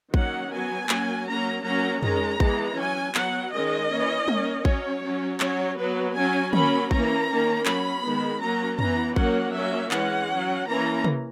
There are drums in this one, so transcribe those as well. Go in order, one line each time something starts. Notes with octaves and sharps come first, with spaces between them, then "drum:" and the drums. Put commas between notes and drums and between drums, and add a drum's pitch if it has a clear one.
D#3 F#3 A#3 C#4 F#5, drum: kick A1
F#3 B3 G#5
F#3 A#3 C#4, drum: clap
F#3 A#3 C#4 A#5
F#3 A#3 C#4 A#5
D#3 G#3 C#4 A#5, drum: tom
E3 G#3 B3, drum: kick A1
F#3 C#4 G#5
F#3 B3 F#5, drum: clap
D#3 G#3 C#4 D#5
E3 A#3 C#4
D#3 A#3 C#4, drum: tom G3
F#3 C#4 C#5, drum: kick A1
F#3 C#4
F#3 C#4 C#5, drum: clap
F#3 B3 B4
F#3 C#4 G#5
F#3 A#3 C#4 B5, drum: tom
E3 A#3 C#4 A#5, drum: kick A1
D#3 A#3 C#4
F#3 C#4 B5, drum: clap
D#3 G#3 B3
F#3 A#3 C#4 A#5
E3 B3 A#5, drum: tom
F#3 A#3 C#4 F#5, drum: kick A1
F#3 A#3 C#4 E5
E3 G#3 C#4 F#5, drum: clap
F#3 C#4
E3 A#3 C#4 A#5
drum: tom